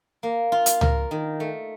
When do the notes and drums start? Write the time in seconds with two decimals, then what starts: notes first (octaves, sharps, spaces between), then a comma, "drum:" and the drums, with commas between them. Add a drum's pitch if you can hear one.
0.23 A#3
0.52 F4
0.66 drum: hi-hat
0.81 A#4, drum: tom C#2
1.11 D#3
1.40 A3